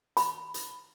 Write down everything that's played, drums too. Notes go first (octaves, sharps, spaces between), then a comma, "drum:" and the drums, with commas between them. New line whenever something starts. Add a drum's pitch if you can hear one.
B5, drum: hi-hat
drum: hi-hat